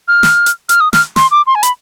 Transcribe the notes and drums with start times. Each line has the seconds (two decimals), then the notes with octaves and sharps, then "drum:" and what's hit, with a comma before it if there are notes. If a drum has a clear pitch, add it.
0.08 F6
0.23 drum: snare
0.46 drum: hi-hat
0.69 F6, drum: hi-hat
0.80 D#6
0.93 F6, drum: snare
1.16 C6, drum: snare
1.31 D6
1.47 C6
1.55 G#5
1.63 B5, drum: hi-hat